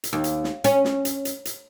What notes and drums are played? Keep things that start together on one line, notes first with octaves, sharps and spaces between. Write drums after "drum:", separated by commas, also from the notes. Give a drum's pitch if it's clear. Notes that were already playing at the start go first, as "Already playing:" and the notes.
drum: hi-hat
D#2
drum: hi-hat
drum: snare
C#4, drum: hi-hat
drum: snare
drum: hi-hat
drum: hi-hat
drum: hi-hat